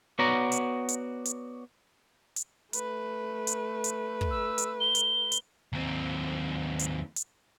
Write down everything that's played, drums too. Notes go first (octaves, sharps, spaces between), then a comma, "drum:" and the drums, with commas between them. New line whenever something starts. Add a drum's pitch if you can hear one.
B3 F#4 C#5 D5 A#5
drum: hi-hat
drum: hi-hat
drum: hi-hat
drum: hi-hat
A3 B4, drum: hi-hat
drum: hi-hat
drum: hi-hat
drum: kick
E6
drum: hi-hat
G7
drum: hi-hat
drum: hi-hat
D#2 C4
drum: hi-hat
drum: hi-hat